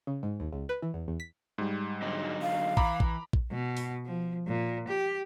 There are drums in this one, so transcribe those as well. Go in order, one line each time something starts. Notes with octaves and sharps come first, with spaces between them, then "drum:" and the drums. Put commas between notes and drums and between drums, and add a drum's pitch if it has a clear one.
C#3
G#2
D#2
C#2
B4
E3
E2
E2
B6
G#2 G3
D3 F#3 D#4
F5
E3 A#5 B5 D6, drum: kick A#1
drum: kick A#1
drum: kick A#1
B2
drum: open hi-hat
F3
A#2
G4